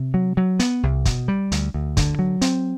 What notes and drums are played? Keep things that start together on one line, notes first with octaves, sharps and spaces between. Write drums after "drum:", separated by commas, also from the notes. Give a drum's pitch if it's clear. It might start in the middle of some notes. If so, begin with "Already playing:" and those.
Already playing: C3
F#3
F#3
B3, drum: hi-hat
C2
B2, drum: kick, hi-hat
G3
D2, drum: hi-hat
D2
D3, drum: kick, hi-hat
F#3
C4, drum: hi-hat